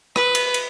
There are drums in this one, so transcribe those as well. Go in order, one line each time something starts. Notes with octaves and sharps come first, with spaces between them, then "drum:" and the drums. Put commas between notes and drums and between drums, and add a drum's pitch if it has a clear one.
B4, drum: rim click
drum: cymbal
drum: cymbal